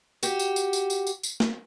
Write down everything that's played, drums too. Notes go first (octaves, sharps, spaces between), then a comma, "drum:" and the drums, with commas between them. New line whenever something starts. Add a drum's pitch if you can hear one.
F#4 G4, drum: tambourine
drum: tambourine
drum: tambourine
drum: tambourine
drum: tambourine
drum: tambourine
drum: tambourine
drum: snare